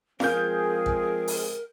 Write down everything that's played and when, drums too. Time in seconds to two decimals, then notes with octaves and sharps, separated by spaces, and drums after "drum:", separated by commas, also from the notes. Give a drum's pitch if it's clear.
0.20 F3 G#3 C4 G#4 A#4 F5 G6, drum: snare F4
0.86 drum: kick
1.28 drum: open hi-hat